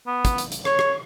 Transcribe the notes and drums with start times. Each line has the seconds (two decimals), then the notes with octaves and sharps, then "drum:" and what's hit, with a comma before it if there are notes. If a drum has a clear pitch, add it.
0.07 B3
0.25 drum: kick, hi-hat
0.38 drum: hi-hat
0.52 drum: hi-hat
0.65 C#5, drum: rim click
0.79 drum: rim click